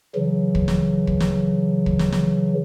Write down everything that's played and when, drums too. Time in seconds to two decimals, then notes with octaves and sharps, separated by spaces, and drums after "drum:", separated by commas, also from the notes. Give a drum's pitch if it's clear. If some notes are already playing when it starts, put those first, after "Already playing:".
0.15 C#3 E3 F#3
0.55 drum: kick
0.68 drum: snare
1.07 drum: kick
1.20 drum: snare
1.86 drum: kick
1.99 drum: snare
2.12 drum: snare